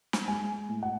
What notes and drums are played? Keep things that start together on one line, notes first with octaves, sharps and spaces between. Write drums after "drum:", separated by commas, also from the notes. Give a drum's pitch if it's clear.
drum: snare
G#3 G#5
A2
F#5